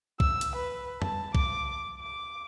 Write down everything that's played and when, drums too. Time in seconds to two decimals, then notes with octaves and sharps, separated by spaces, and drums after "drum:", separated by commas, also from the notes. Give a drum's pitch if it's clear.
0.20 E6, drum: kick
0.41 drum: hi-hat
0.56 B4
1.02 A5, drum: tom F2
1.35 D6, drum: kick
2.01 D6